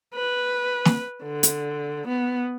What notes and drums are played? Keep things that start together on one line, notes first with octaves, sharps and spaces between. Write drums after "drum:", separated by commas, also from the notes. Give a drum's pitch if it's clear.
B4
drum: snare
D3
drum: hi-hat
B3